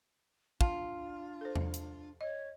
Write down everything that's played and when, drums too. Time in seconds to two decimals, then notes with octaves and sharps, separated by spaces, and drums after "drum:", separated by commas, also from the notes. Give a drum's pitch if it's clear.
0.61 D4 F4 A5, drum: kick
1.41 A4 C5
1.55 drum: tom E2
1.74 drum: hi-hat
2.21 C#5 D#5